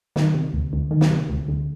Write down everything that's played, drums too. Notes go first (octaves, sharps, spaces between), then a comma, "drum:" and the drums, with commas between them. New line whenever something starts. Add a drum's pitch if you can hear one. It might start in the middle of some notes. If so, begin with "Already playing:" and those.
D#3, drum: snare
C3
D2
D2
D#3
drum: snare
C3
D2
D2